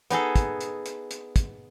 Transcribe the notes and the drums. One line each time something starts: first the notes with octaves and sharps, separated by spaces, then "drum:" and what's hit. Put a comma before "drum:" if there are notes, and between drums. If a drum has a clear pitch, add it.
B3 D#4 G#4 A4, drum: hi-hat
drum: kick, hi-hat
drum: hi-hat
drum: hi-hat
drum: hi-hat
drum: kick, hi-hat